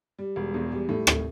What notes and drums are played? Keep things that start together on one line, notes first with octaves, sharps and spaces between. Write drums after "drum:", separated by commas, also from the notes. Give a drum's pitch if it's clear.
G3
E1
E2
G3
A2
A2, drum: rim click